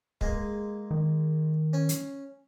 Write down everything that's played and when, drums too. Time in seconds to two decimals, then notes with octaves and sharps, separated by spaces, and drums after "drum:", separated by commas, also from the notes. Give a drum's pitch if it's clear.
0.21 G#3 A#3, drum: kick
0.91 D#3
1.73 C#4
1.89 drum: hi-hat